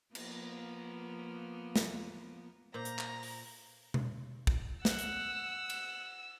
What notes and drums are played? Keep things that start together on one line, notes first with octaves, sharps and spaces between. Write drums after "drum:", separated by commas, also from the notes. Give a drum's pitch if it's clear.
F3 A#3 B3, drum: cymbal
drum: snare
A#2 A#4 C5 A#5 G6
drum: hi-hat
drum: clap
drum: open hi-hat
drum: tom B2
drum: kick
F#5 E6, drum: snare
drum: hi-hat
drum: cymbal